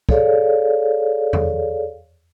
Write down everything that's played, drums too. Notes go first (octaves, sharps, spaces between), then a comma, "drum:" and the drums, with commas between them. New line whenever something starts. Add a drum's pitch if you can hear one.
G#4 A4 C#5 D5 F5, drum: kick
drum: tom E2